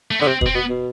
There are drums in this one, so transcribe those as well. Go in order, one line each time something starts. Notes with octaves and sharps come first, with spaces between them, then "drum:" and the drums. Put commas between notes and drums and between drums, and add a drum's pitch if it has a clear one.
A3
D3 B3
C3 C4
B2, drum: kick
C4
B2 B3
B2